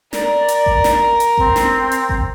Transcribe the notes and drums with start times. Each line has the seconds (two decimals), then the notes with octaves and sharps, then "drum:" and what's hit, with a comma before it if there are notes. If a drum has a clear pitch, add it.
0.13 A#4 D5, drum: snare
0.48 drum: hi-hat
0.66 drum: kick G#1
0.84 drum: snare
1.20 drum: hi-hat
1.38 C4, drum: kick G#1
1.56 drum: snare
1.92 drum: hi-hat
2.09 drum: kick G#1